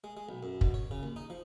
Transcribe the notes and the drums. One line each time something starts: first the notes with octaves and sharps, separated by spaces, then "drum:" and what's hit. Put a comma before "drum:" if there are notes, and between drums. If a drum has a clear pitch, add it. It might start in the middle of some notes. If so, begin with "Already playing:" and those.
G#3
G#3
B1
F#2
B2, drum: kick
C#5
C#3
D#2
D#4
F3